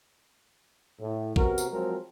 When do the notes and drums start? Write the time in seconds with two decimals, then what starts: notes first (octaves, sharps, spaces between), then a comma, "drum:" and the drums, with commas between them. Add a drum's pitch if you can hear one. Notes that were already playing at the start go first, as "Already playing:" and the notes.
1.00 A2
1.36 C3 B3 F#4 A#4, drum: kick A1
1.58 drum: tambourine
1.71 F3 F#3 G#3 C4 A#4